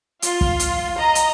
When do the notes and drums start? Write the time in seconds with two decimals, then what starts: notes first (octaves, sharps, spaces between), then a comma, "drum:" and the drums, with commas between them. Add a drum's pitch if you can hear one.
0.22 F4, drum: hi-hat
0.41 drum: kick
0.59 drum: hi-hat
0.98 D#5 A#5
1.15 drum: hi-hat